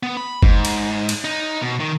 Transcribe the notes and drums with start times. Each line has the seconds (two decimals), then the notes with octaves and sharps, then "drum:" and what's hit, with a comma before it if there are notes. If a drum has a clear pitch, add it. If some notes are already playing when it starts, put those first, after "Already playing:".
0.03 B3
0.17 B5
0.43 G#2, drum: kick G1
0.65 drum: cymbal
1.09 drum: cymbal
1.24 D#4
1.62 B2
1.80 D#3